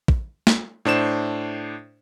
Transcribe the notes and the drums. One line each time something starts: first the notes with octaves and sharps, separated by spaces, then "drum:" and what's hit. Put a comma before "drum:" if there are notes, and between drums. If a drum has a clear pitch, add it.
drum: kick
drum: snare
A2 D4 C5 E7